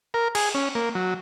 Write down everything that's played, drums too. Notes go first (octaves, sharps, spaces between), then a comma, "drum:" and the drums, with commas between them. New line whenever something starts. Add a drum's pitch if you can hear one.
A#4
G#4, drum: cymbal
C#4
A#3
F#3